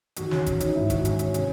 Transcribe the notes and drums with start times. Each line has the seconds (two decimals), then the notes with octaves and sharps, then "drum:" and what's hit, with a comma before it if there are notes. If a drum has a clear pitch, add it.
0.16 E2 D#3 F#3 F#4, drum: hi-hat
0.31 C#4, drum: snare
0.46 C#4, drum: kick F#1, hi-hat
0.60 D#4, drum: hi-hat
0.75 G#1 G#2 F#3 E4
0.90 F#4, drum: kick F#1, hi-hat
1.05 C#4, drum: hi-hat
1.19 C#4, drum: hi-hat
1.34 C3 E3 C#4, drum: hi-hat